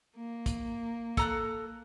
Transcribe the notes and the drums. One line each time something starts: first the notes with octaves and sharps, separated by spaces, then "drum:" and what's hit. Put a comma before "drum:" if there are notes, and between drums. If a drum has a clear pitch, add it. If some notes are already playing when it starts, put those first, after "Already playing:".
A#3
drum: kick, hi-hat
A4 A#5 F#6, drum: kick, hi-hat